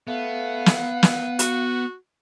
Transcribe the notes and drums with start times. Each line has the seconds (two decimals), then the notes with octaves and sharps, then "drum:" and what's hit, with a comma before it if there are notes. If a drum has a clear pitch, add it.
0.07 A3 B3 F5
0.66 drum: snare
1.03 drum: snare
1.39 F#4, drum: hi-hat